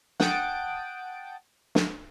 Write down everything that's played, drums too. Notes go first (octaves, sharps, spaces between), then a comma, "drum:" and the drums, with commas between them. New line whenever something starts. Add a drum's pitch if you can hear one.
F#5 G5 A5 D#6 A6 D7, drum: snare
drum: snare